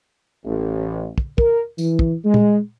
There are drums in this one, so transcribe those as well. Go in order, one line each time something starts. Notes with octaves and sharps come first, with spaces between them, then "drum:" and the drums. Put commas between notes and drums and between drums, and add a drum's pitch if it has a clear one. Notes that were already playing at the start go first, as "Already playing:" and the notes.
A1
drum: kick
A#4, drum: kick
E3, drum: tambourine
drum: kick
G#3
drum: tom A#2